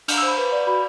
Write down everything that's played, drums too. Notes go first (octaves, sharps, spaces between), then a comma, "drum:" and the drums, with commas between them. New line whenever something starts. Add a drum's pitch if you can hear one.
D4 F6, drum: cymbal
E6
C5 B5
B4
D5
F#4 B5